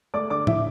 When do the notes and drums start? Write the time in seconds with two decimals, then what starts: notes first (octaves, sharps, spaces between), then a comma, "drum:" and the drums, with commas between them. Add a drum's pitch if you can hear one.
0.14 A3 D5 D6
0.30 D3 D5 D6
0.47 D3 E4 E5, drum: tom